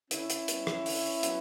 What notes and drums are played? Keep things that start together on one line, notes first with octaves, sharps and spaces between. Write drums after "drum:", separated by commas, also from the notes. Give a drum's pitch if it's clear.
D3 C#4 E4, drum: hi-hat
drum: hi-hat
G3 B3, drum: hi-hat
drum: rim click
D3, drum: open hi-hat
F#3 B3, drum: hi-hat